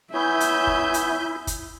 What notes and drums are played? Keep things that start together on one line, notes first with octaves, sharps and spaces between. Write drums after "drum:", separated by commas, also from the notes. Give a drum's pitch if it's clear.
B3 E4 C#5 E5 G#5 G6
drum: hi-hat
drum: kick
drum: hi-hat
drum: kick, hi-hat